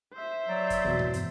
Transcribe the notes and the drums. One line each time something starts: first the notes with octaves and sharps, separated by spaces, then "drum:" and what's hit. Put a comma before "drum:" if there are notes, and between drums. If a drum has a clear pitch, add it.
C5 E5
F#3 D5
drum: kick, hi-hat
E2 B2, drum: kick
drum: tom G2
drum: hi-hat